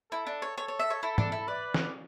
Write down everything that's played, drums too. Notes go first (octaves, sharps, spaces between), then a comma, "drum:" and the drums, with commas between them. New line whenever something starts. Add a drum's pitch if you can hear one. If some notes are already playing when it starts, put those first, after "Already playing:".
E4 A4
D4
C#5
A4 C#5
C#5
E5
C#5
E4 A4
D4, drum: tom
E4
B4 D5
drum: snare